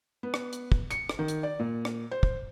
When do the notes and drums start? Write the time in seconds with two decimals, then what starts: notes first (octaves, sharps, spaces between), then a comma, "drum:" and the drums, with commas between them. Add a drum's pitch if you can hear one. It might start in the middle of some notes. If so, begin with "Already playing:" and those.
0.23 B3
0.34 drum: rim click
0.53 drum: hi-hat
0.72 drum: kick
0.91 C#7, drum: hi-hat
1.09 drum: rim click
1.19 D#3
1.28 drum: hi-hat
1.43 D5
1.59 A#2
1.85 drum: rim click
2.11 C5
2.23 drum: kick